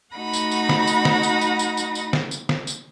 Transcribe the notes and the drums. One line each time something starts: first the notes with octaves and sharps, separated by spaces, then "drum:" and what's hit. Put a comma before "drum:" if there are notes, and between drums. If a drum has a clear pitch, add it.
A3 D#4 F#4 F#5 B5 A#6
drum: tambourine
drum: tambourine
drum: snare
drum: tambourine
drum: snare
drum: tambourine
drum: tambourine
drum: tambourine
drum: tambourine
drum: tambourine
drum: snare
drum: tambourine
drum: snare
drum: tambourine